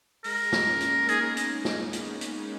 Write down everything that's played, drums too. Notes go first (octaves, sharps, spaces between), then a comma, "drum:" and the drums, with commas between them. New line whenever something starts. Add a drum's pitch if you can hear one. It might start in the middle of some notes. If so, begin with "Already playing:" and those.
G#3 A#4, drum: open hi-hat
drum: snare
A#3 C#4
drum: hi-hat
B3 D#4 G#4, drum: hi-hat
A#4
drum: hi-hat
drum: snare
drum: hi-hat
drum: hi-hat